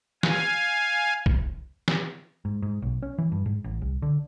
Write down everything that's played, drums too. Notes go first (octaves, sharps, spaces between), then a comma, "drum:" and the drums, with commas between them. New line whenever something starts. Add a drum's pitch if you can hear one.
F5 G#5, drum: snare
drum: kick
drum: snare
G#2
G#2
B1
C#4
E3
G2
G#2
A1
C2
D3